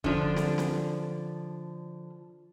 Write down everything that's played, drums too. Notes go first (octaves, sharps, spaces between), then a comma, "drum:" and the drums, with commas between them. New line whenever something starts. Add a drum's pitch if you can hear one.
D3 F3 D4, drum: kick
drum: snare
drum: snare